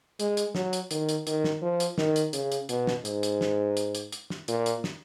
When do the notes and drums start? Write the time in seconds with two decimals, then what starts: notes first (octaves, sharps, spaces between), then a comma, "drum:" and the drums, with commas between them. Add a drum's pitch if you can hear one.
0.20 G#3, drum: hi-hat
0.37 drum: hi-hat
0.55 F#3, drum: snare
0.73 drum: hi-hat
0.91 D#3, drum: hi-hat
1.09 drum: hi-hat
1.27 D#3, drum: hi-hat
1.44 drum: snare
1.62 F3
1.80 drum: hi-hat
1.98 D#3, drum: snare
2.16 drum: hi-hat
2.33 C#3, drum: hi-hat
2.52 drum: hi-hat
2.69 B2, drum: hi-hat
2.87 drum: snare
3.05 G#2, drum: hi-hat
3.23 drum: hi-hat
3.41 drum: snare
3.77 drum: hi-hat
3.95 drum: hi-hat
4.12 drum: hi-hat
4.30 drum: snare
4.48 A#2, drum: hi-hat
4.66 drum: hi-hat
4.84 drum: snare